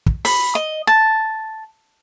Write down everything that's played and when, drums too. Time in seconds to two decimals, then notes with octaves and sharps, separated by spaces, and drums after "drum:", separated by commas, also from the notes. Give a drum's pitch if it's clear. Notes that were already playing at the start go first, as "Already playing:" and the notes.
0.06 drum: kick
0.25 B5, drum: open hi-hat
0.55 D#5
0.87 A5